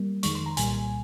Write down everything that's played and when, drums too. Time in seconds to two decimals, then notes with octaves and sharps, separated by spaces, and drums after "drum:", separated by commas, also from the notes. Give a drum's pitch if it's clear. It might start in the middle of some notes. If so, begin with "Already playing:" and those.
Already playing: G3 A#3
0.23 F2 D#3 G#3 C#6, drum: hi-hat
0.35 C6
0.46 A#5
0.57 C2 A#2 G3 A#3 G#5, drum: hi-hat